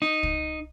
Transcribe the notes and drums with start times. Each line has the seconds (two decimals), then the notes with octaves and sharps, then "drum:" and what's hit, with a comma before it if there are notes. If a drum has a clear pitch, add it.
0.02 D#4
0.23 drum: kick